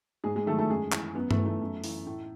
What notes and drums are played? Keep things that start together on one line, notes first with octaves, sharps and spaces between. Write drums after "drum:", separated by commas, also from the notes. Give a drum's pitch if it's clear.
G#2 G#3 G#4
G#3 G#4
D#3 F#3 A3 A4
A3 A4
F#2 G#3 G#4
E3, drum: clap
F#2 B3
A3, drum: tom G2
E3
A3
F#2
E3, drum: open hi-hat
A2